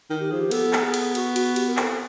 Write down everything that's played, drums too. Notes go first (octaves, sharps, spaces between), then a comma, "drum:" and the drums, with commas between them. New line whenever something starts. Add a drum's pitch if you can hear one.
D#3
G4
F3 G#4
G4
B3 A4, drum: cymbal
drum: clap
G#4
drum: cymbal
F#4, drum: cymbal
F#4, drum: cymbal
G4, drum: cymbal
A#4
C4 A4, drum: clap